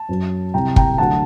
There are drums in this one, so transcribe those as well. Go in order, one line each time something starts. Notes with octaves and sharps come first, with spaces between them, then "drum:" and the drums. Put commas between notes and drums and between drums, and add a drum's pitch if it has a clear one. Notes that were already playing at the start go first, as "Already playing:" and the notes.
Already playing: A5
F#2 F#3
C2 C3 G3 G5 A#5
G5 A#5, drum: kick
D2 D3 F#3 F#5 A5